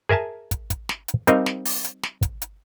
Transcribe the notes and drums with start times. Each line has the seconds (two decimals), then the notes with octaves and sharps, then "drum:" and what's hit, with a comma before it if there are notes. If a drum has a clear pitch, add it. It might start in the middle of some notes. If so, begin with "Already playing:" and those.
0.09 G#4 A#4 E5 G#5 A5
0.51 drum: kick, hi-hat
0.70 drum: kick, hi-hat
0.89 drum: snare
1.08 drum: hi-hat
1.27 G3 C4 D#4 A#4 D#5 F5, drum: hi-hat
1.46 drum: snare
1.65 drum: open hi-hat
1.84 drum: hi-hat
2.03 drum: snare
2.23 drum: kick, hi-hat
2.42 drum: hi-hat